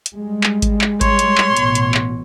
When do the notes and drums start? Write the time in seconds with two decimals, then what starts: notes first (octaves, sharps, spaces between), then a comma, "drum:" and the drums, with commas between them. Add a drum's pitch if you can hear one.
0.06 drum: hi-hat
0.18 G3 G#3
0.44 drum: clap
0.62 drum: kick G#1, hi-hat
0.81 drum: clap
1.01 C#5 C6, drum: kick G#1, hi-hat
1.19 drum: hi-hat
1.38 drum: clap
1.57 A1 B2, drum: hi-hat
1.75 drum: hi-hat
1.94 drum: clap